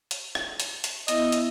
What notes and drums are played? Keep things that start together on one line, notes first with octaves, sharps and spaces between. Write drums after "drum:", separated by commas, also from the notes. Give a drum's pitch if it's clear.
drum: hi-hat
drum: rim click
drum: hi-hat
drum: hi-hat
B3 E4 D#5 E5, drum: hi-hat
drum: hi-hat